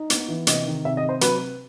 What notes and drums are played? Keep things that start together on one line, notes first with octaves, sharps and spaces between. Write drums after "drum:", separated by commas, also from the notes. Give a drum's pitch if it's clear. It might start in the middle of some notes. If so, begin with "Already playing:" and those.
Already playing: D#4
B3, drum: hi-hat
E3
C3 D#5, drum: hi-hat
D#3
C3 E5
D#5
C3
C5
F#3 B4, drum: hi-hat